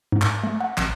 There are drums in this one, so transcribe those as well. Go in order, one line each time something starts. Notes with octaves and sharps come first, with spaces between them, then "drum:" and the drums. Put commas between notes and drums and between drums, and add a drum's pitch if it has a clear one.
G#2
drum: clap
A3
F#5
A1, drum: clap